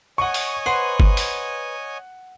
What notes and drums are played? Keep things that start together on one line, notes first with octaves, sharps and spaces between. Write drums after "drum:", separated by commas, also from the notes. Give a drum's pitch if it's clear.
C#5 D#5 F#5 G#5 C#6
drum: open hi-hat
B4 C5 F#5
drum: kick G1
drum: open hi-hat